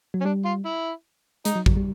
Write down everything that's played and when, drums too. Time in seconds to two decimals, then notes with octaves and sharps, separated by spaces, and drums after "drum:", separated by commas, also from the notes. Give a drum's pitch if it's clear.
0.14 F#3
0.21 C#4
0.25 G3 D4
0.45 F4
0.65 E4
1.45 G#3 D#4, drum: hi-hat
1.56 F#3
1.66 F#3, drum: kick A1
1.76 G3